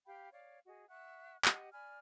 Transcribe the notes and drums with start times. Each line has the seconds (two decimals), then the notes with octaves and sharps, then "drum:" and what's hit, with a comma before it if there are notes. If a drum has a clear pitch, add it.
0.06 G4 F5 G5 B5
0.33 C#5 D5 F5
0.66 F#4 G#4 D#5
0.89 E5 F#5 C#6 F#6
1.45 G4 D#5 F#5, drum: clap
1.72 D5 G#5 B5 F6